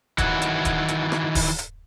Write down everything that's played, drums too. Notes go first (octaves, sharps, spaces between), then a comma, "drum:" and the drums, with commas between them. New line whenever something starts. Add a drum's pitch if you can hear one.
D#3 E3 F#3 E4 F#4, drum: kick, hi-hat
drum: hi-hat
drum: kick, hi-hat
drum: hi-hat
drum: rim click
drum: kick, open hi-hat
drum: hi-hat